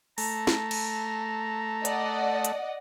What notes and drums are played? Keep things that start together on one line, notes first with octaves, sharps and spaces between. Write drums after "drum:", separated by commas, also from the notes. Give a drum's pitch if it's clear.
A3 A#5, drum: open hi-hat
drum: snare
drum: cymbal
D5 D#5 F#5, drum: hi-hat
drum: hi-hat